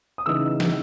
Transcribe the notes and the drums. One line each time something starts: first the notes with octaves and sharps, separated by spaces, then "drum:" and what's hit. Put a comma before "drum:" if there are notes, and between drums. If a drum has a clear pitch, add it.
D#6
C#3 E3 B3 D#4 E6
drum: snare